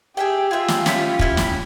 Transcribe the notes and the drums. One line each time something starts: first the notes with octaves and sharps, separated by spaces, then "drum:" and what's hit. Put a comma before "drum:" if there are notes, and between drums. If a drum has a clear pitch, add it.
G4 G#4 E5 G5
F4 G#4 E5 G5
drum: snare
C#4 E4 F4 G4, drum: snare
C#4 E4 G4, drum: kick
drum: snare